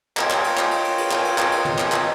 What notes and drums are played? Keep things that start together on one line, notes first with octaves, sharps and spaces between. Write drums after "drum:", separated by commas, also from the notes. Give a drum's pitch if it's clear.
F4 A#4 C#5 D#5 G5, drum: clap
drum: clap
drum: cymbal
drum: clap
drum: cymbal
drum: cymbal
drum: cymbal
drum: clap
drum: cymbal
drum: clap
drum: cymbal
drum: tom
drum: clap
drum: clap